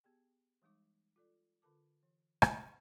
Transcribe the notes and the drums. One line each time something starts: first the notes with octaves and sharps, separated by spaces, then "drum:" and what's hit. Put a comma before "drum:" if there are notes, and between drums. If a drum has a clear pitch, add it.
B3 G4 G#4 G5
E3 G3 G#3 D#4 D6
F4 A4 D5
D3 F4 A4 A#4 A5 D6
E3
drum: rim click